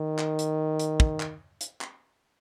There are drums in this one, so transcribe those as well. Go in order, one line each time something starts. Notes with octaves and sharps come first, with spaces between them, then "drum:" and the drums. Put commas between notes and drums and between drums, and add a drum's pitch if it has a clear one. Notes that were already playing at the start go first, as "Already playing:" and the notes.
Already playing: D#3
drum: clap
drum: hi-hat
drum: hi-hat
drum: kick
drum: clap
drum: hi-hat
drum: clap